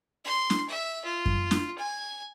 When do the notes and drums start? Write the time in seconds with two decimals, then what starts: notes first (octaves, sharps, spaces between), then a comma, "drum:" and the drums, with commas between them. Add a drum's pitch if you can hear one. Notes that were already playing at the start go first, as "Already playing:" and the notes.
0.25 C6
0.50 drum: snare
0.69 E5
1.05 F4
1.26 drum: kick F#2
1.51 drum: snare
1.78 G#5